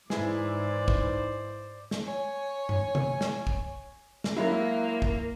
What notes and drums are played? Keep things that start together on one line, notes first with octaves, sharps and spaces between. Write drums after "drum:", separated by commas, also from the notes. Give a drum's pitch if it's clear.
G#2 E3 G#3 D#4 E4 G#4 C5 D5, drum: snare
drum: kick
drum: snare
C#5 G#5
drum: tom G2
drum: tom C3
drum: snare
drum: kick
drum: snare
F#3 G#3 A#3 E4
drum: kick